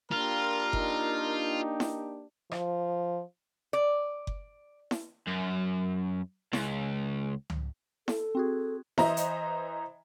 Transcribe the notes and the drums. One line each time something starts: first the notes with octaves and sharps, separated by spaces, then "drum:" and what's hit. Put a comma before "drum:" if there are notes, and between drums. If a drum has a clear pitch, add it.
A#3 D4 F4 G4 A#4
D#4, drum: kick F#1
drum: snare E4
F3, drum: rim click
D5
drum: kick F#1
drum: snare E4
F#2
C#2, drum: snare E4
drum: tom C#2
A4, drum: snare E4
C4 F#4 G#4
E3 C5 D#5 E5 A#5, drum: snare E4
drum: hi-hat